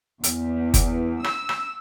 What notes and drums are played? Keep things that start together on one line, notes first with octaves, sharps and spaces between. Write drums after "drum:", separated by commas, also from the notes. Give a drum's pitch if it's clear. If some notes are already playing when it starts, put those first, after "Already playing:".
E2, drum: hi-hat
drum: kick F#1, hi-hat
E6, drum: rim click
drum: rim click